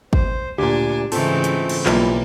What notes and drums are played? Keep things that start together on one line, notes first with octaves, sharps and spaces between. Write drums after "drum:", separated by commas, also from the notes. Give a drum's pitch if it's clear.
C5, drum: kick
D2 A#2 D4 G4 G#5
G#2 C#3 E3 A3 C4 F4 A4 G6, drum: open hi-hat
drum: hi-hat
drum: cymbal
B1 G3 A#3 E4 F4, drum: clap